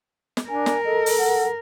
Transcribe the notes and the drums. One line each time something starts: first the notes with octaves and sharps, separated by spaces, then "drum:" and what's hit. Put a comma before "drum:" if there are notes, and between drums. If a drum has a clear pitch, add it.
drum: snare
D4 A#4 G#5
drum: snare
A4 D#5
drum: open hi-hat
F#5